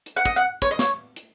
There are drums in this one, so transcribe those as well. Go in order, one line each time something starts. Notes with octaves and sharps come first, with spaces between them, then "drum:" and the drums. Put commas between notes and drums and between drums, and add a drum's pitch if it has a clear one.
drum: hi-hat
F#5
D#5, drum: kick
F#5
C#5, drum: kick
D#5
C#5, drum: snare
drum: hi-hat